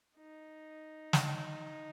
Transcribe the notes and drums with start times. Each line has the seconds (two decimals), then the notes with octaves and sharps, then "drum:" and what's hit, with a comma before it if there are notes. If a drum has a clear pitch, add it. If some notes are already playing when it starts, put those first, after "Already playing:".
0.17 D#4
1.13 drum: snare